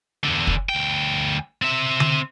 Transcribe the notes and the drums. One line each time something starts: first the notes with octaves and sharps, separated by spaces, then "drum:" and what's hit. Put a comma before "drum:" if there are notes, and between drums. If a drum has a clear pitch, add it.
E2 D3
drum: kick
D2 G5
C4 E5
drum: tom D3